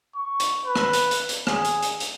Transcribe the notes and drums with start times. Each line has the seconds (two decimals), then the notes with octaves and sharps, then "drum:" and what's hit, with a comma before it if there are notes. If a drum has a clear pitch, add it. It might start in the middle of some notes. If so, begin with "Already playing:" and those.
0.15 C#6
0.40 drum: hi-hat
0.65 B4
0.76 drum: rim click
0.93 drum: hi-hat
1.11 drum: hi-hat
1.29 drum: hi-hat
1.47 G#4, drum: rim click
1.65 drum: hi-hat
1.82 drum: hi-hat
2.00 drum: hi-hat